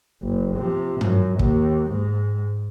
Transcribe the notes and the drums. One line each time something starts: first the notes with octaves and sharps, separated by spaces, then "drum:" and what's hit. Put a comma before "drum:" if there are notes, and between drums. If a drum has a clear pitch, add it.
F#1
C3 F3
F#2, drum: tom G2
D#2, drum: kick
G#2